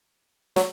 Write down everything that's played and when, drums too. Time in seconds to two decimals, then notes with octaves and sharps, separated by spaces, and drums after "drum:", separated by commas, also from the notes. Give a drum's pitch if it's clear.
0.56 F#3, drum: snare